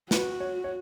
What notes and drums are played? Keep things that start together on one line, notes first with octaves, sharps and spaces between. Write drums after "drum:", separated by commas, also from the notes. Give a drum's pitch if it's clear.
F#4 B4, drum: snare
C#5
C#5